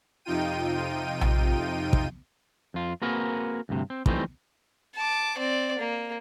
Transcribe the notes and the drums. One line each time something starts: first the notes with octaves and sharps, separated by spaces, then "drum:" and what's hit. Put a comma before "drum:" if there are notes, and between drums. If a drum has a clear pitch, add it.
F2 C3 D#4 F4 G5 D#7
drum: tom A#1
drum: kick
F2 F4
A#3 C4 F#4 G#4 A#4 B4
D2 G2 C3
C4
E3 F3 G3 A3 C4 D#4, drum: kick
A5 D6
C4 D5
A#3